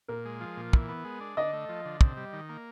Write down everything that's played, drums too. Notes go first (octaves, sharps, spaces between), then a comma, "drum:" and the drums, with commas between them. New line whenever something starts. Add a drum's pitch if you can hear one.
A#2 A#4
G#3
F3
A#2
E3, drum: kick
B3
G#3
D4
D3 D#5
A3
F3
D3
C3, drum: kick
G3
D#3
A#3